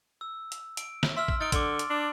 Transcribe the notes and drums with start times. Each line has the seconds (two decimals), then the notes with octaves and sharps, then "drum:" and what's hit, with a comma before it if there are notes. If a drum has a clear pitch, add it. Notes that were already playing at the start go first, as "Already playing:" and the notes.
0.21 E6
0.52 drum: hi-hat
0.77 D7, drum: hi-hat
1.03 drum: snare
1.17 E5 C6 E6 F6
1.28 drum: kick
1.40 D#4 A6 D7
1.52 D3 C6 D6, drum: kick, hi-hat
1.79 drum: hi-hat
1.90 D4